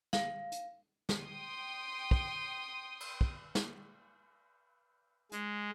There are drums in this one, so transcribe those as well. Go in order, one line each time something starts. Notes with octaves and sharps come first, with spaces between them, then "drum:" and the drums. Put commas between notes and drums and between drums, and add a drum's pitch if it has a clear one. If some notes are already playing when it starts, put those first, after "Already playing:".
F5, drum: snare
drum: hi-hat
drum: snare
G5 C6 D#6
drum: kick
drum: cymbal
drum: kick
drum: snare
G#3, drum: hi-hat